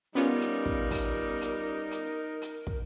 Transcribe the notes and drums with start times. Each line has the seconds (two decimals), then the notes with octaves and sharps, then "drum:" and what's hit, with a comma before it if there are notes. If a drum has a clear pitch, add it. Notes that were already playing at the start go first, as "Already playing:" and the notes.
0.15 G3 B3 C#4 D#4 F4 A#4
0.40 drum: hi-hat
0.66 drum: kick
0.91 drum: kick, open hi-hat
1.41 drum: hi-hat
1.91 drum: hi-hat
2.42 drum: hi-hat
2.67 drum: kick